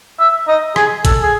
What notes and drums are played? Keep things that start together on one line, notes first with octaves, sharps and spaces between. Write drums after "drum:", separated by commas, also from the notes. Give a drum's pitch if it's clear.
E5
D#5
G#4, drum: rim click
A4, drum: kick, hi-hat
G#4